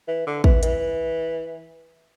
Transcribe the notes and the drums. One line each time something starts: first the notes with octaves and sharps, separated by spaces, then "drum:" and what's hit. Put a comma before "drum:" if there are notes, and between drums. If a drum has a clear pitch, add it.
E3
D3
E3, drum: kick
E3, drum: hi-hat